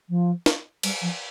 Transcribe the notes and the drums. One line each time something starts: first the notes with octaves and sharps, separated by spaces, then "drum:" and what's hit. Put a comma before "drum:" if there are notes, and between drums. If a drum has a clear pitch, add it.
F3
drum: snare
G3, drum: cymbal
F3